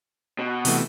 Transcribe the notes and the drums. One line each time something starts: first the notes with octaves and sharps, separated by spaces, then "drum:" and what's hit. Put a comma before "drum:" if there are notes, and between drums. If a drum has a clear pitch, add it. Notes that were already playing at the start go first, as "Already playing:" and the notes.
B2
C3 E3 A3, drum: open hi-hat